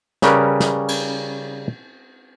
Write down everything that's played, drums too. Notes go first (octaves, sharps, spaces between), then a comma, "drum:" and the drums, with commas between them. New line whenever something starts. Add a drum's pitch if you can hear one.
C#3 G3 C#4 A#4 B4, drum: snare
drum: snare
drum: cymbal